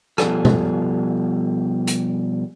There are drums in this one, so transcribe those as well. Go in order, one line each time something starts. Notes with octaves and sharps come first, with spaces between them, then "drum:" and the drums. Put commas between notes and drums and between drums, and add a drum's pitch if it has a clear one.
B2 F3 G3 G#4 A4, drum: rim click
drum: tom B2
drum: hi-hat